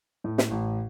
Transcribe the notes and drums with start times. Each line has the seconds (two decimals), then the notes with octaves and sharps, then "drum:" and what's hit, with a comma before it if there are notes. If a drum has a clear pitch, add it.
0.24 A2
0.38 drum: snare
0.51 A1